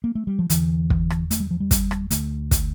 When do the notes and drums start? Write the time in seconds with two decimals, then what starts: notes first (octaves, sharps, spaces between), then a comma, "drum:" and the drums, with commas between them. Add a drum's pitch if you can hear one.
0.04 A#3
0.15 A3
0.27 G3
0.39 F3
0.50 E2 D3 E3, drum: hi-hat
0.90 drum: kick
1.10 drum: rim click
1.31 A3, drum: hi-hat
1.40 G3
1.51 F3
1.60 G3
1.71 drum: kick, hi-hat
1.91 drum: rim click
2.11 D2 D3 A3, drum: hi-hat
2.51 drum: kick, hi-hat